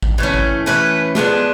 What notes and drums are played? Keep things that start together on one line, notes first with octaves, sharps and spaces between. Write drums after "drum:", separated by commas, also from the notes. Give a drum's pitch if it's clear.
drum: kick G#1
E3 A3 C#4
drum: kick G#1
E3 A3 C#4 B4
F3 G#3 B3 D4, drum: snare